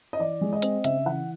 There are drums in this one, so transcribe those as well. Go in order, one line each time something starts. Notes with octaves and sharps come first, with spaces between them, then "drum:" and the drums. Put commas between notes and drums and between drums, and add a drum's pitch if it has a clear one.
D#5
E3 D5
G#3
D#5
C4, drum: hi-hat
C#3 E5, drum: hi-hat
E3 F#5